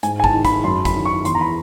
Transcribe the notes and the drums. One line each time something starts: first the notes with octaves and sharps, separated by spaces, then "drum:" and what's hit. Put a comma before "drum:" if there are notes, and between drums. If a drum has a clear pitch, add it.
G#2 G#5, drum: hi-hat
G#5
A5, drum: kick
D#3
B5, drum: kick, hi-hat
F#2 C6
B5, drum: kick, hi-hat
D#3
C#6
E2 C6, drum: hi-hat
A#5
B5